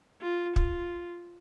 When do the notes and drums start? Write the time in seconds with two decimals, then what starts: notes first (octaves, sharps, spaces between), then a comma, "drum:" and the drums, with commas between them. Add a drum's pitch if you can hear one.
0.21 F4
0.56 F4, drum: kick